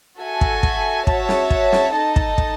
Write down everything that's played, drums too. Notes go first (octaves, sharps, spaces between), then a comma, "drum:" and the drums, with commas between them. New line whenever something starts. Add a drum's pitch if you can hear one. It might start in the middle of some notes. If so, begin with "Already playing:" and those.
F#4 A4 E5 G#5
drum: kick
drum: kick
F#4 C#5 E5 A5, drum: kick
drum: snare
drum: kick
drum: snare
D#4 A4 D#5 A5
drum: kick
drum: kick